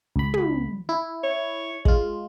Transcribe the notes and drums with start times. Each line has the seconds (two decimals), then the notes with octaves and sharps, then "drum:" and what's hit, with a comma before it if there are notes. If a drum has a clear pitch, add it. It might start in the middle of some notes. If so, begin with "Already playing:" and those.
0.16 C#2 B5
0.34 drum: tom
0.89 E4
1.24 C#5
1.85 G#3 F4, drum: kick